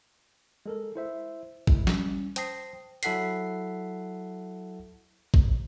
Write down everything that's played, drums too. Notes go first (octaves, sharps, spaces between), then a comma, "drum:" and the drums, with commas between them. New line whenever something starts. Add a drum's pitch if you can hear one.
G#3 A4 A#4
E4 C5 E5
D#3 G#3 E4, drum: kick
G3 C#4, drum: snare
C5 G5 A5 D#6 A#6 C7, drum: hi-hat
F#3 E4 A4 F#5 B6 C7, drum: hi-hat
drum: kick